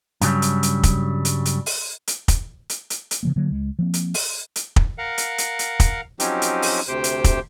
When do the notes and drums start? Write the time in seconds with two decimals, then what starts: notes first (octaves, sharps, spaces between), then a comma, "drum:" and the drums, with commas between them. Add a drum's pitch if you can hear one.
0.21 G2 C#3 F#3 G3, drum: hi-hat
0.42 drum: hi-hat
0.63 drum: hi-hat
0.83 drum: kick, hi-hat
1.25 drum: hi-hat
1.45 drum: hi-hat
1.66 drum: open hi-hat
2.07 drum: hi-hat
2.28 drum: kick, hi-hat
2.70 drum: hi-hat
2.90 drum: hi-hat
3.11 drum: hi-hat
3.23 C#3 F3 A#3
3.36 D3 F#3 A#3
3.51 C#2 G#3
3.79 F3 A#3 C4
3.94 drum: hi-hat
4.14 drum: open hi-hat
4.56 drum: hi-hat
4.76 drum: kick
4.98 A#4 F5 F#5
5.18 drum: hi-hat
5.38 drum: hi-hat
5.59 drum: hi-hat
5.80 drum: kick, hi-hat
6.20 F3 F#3 C4 C#4 D#4 G4, drum: hi-hat
6.42 drum: hi-hat
6.62 drum: open hi-hat
6.88 D2 C3 G4 C5 G5
7.04 drum: hi-hat
7.24 drum: kick, hi-hat